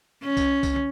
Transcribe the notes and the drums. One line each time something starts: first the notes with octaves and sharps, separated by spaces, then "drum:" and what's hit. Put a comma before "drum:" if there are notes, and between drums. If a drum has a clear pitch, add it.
C#4
drum: kick C2, tambourine
drum: kick C2, tambourine
drum: tom